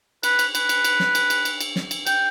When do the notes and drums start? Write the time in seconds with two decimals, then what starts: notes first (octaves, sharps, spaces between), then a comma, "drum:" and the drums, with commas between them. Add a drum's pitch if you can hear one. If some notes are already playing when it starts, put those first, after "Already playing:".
0.23 B4, drum: cymbal
0.39 drum: cymbal
0.55 B4, drum: cymbal
0.69 drum: cymbal
0.84 drum: cymbal
1.00 drum: snare
1.15 drum: cymbal
1.30 drum: cymbal
1.45 drum: cymbal
1.60 drum: cymbal
1.76 drum: snare
1.91 drum: cymbal
2.07 G5, drum: cymbal